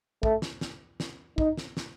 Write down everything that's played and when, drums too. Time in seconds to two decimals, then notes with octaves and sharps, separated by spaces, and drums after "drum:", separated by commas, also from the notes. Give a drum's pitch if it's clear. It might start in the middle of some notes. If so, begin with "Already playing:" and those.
0.23 A3, drum: kick
0.42 drum: snare
0.61 drum: snare
1.00 drum: snare
1.38 D#4, drum: kick
1.57 drum: snare
1.77 drum: snare